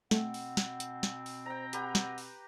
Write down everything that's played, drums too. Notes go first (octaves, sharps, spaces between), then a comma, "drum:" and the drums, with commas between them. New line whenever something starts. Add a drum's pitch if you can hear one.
B2 A3 C4 F#5, drum: snare
drum: open hi-hat
drum: snare
drum: hi-hat
drum: snare
drum: open hi-hat
C5 G5 A#5
G4 B4 F#5 A#5, drum: hi-hat
drum: snare
drum: open hi-hat